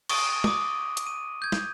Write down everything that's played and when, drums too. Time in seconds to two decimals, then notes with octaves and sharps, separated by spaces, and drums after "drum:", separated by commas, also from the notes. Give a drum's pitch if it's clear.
0.09 C#6 D#6 D7 D#7, drum: cymbal
0.44 D6 D#6, drum: tom G#3
0.97 drum: hi-hat
1.07 D#7
1.42 G6 G#6
1.52 drum: snare